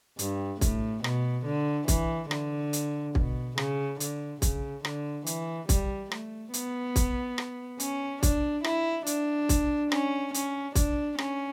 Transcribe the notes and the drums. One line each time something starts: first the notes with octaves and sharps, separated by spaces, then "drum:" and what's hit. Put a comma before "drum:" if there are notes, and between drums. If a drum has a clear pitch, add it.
G2, drum: hi-hat
A2, drum: kick, hi-hat
B2, drum: rim click
D3
E3, drum: kick, hi-hat
D3, drum: rim click
drum: hi-hat
B2, drum: kick
C#3, drum: rim click
D3, drum: hi-hat
C#3, drum: kick, hi-hat
D3, drum: rim click
E3, drum: hi-hat
G3, drum: kick, hi-hat
A3, drum: rim click
B3, drum: hi-hat
drum: kick, hi-hat
drum: rim click
C#4, drum: hi-hat
D4, drum: kick, hi-hat
E4, drum: rim click
D4, drum: hi-hat
drum: kick, hi-hat
C#4, drum: rim click
C#4, drum: hi-hat
D4, drum: kick, hi-hat
C#4, drum: rim click